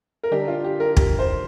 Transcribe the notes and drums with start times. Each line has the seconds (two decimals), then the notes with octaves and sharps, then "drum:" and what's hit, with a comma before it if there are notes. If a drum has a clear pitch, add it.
0.23 A#4
0.31 D3 G3 D4 G4
0.48 F4
0.64 G4
0.80 A#4
0.97 G4, drum: kick
1.19 C5